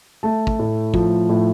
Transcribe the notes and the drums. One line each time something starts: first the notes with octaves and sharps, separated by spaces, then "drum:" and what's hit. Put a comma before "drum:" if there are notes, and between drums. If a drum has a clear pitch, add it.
A3 A5
drum: kick
A2
F3, drum: kick
A2